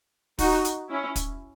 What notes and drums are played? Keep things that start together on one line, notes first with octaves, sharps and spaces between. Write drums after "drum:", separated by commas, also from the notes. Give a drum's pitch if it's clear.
D#4 F#4, drum: kick, open hi-hat
drum: hi-hat
C#4 E4
drum: kick, hi-hat